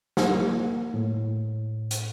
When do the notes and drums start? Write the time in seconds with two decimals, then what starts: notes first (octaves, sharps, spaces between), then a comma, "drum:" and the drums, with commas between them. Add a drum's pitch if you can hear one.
0.17 A#3, drum: snare
0.94 A2
1.91 drum: hi-hat